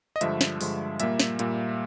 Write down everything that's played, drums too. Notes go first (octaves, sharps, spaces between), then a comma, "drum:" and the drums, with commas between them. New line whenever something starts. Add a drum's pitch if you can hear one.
D#5
G2 D3 F3 G#3 E5, drum: hi-hat
drum: snare
G2 D3 F3 G#3, drum: open hi-hat
A#2 G3 A#3 E5, drum: hi-hat
drum: snare
A#2 G3 A#3, drum: hi-hat